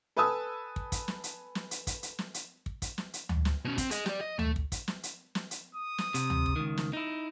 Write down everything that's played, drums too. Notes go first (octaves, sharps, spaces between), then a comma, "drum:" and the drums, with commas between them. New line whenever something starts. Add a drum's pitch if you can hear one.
A4 B4 G#5 A5 D#6 E6
drum: kick
drum: kick, hi-hat
drum: snare
drum: hi-hat
drum: snare
drum: hi-hat
drum: kick, hi-hat
drum: hi-hat
drum: snare
drum: hi-hat
drum: kick
drum: kick, hi-hat
drum: snare
drum: hi-hat
drum: tom D2
drum: snare
B2 C#4
C4, drum: kick, hi-hat
G#4 D#5, drum: hi-hat
G4 D5, drum: snare
D#5
A3, drum: tom D2
drum: kick
drum: kick, hi-hat
drum: snare
drum: hi-hat
drum: snare
drum: hi-hat
D#6
drum: snare
C3, drum: hi-hat
drum: tom D2
drum: kick
C#2 D#3
drum: snare
D#4 E4